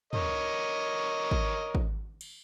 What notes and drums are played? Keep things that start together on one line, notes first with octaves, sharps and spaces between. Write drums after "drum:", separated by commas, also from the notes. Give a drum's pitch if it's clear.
A#4 C#5 D#5, drum: tom
drum: kick
drum: kick
drum: cymbal